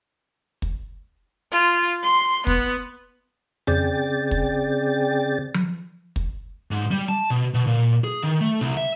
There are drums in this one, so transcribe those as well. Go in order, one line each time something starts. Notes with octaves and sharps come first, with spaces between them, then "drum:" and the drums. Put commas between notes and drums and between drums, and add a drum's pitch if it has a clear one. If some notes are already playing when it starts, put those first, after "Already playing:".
drum: kick
F4
C6
B3, drum: kick
C#3 C4 G#4 D5 G5 A6, drum: tom F2
drum: kick
drum: tom F3
drum: kick
G#2
G3
A5
B2
B2
A#2
G#4
D#3
A3
C2
E5